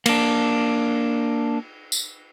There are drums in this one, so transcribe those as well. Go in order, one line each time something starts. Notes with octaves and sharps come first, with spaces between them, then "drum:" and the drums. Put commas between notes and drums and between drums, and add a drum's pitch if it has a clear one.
A#3 D4, drum: cymbal
drum: tambourine